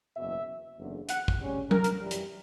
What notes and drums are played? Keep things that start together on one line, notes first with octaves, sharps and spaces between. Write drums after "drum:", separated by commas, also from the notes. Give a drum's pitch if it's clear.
F#1 E2 B2 E5
F#1 E2 D3
F#5, drum: hi-hat
drum: kick
D2 C#3 G3 C#4
A#4, drum: tom F#3
drum: hi-hat
F#2 E3 G3
drum: hi-hat